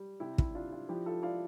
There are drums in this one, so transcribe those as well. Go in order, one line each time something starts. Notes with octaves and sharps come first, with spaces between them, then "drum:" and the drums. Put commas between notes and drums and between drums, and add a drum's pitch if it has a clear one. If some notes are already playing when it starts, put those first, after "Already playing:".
Already playing: G3
C3 E4 G4
E4, drum: kick
D4 F4
F4
F3 E4 G4
F4 A4
E4 D5 F5